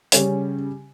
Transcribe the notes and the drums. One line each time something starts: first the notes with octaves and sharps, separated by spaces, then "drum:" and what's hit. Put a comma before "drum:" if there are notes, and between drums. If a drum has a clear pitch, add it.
C#3 G3 C#4, drum: hi-hat